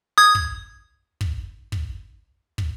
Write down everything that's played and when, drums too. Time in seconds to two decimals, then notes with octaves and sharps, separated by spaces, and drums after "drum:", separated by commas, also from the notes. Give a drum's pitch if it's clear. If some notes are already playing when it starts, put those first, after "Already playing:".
0.18 D#6 G#6
0.35 drum: kick
1.21 drum: kick
1.72 drum: kick
2.58 drum: kick